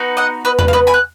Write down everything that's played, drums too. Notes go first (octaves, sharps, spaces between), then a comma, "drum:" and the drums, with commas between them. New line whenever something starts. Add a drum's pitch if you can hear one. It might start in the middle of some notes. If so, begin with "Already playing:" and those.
Already playing: B3 D#4 F#4
D#5 F#5
B4 D#5
B4, drum: tom E2
F5
B4 D#5
G#5 B5
F#6